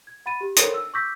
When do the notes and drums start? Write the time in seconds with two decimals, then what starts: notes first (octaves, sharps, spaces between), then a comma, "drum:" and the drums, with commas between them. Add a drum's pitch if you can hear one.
0.07 G#6
0.26 F#5 B5 A6 D#7
0.41 G4
0.57 A4 A#4 C5 C#5 C6 D#6, drum: hi-hat
0.74 E6
0.94 C#6 D6 E6 G6 A#6 B6